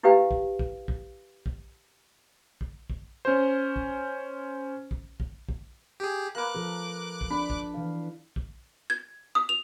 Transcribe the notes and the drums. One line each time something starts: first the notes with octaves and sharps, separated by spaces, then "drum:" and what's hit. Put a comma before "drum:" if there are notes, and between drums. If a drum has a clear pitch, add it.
E4 G4 B4 F5 G5
drum: kick
drum: kick
drum: kick
drum: kick
drum: kick
drum: kick
C#4 C5
drum: kick
drum: kick
drum: kick
drum: kick
G4 G#4
A#3 B4 D6 F#6
F3 A4
drum: kick
D4 B5
drum: kick
E3 F5
drum: kick
G#6
D#6
F7